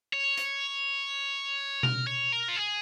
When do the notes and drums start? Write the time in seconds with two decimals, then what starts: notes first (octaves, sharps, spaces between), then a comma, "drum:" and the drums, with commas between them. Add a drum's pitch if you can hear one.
0.13 C#5
0.37 drum: hi-hat
1.83 A#4, drum: tom B2
2.07 C#5
2.32 A#4
2.48 F4
2.56 G#4